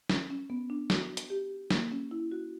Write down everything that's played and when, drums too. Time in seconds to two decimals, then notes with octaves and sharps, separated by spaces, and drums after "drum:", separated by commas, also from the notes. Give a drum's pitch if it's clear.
0.10 C#4, drum: snare
0.30 C#4
0.50 B3
0.70 D4
0.90 F#4, drum: snare
1.17 drum: hi-hat
1.30 G4
1.71 A#3, drum: snare
1.92 C#4
2.11 E4
2.32 F#4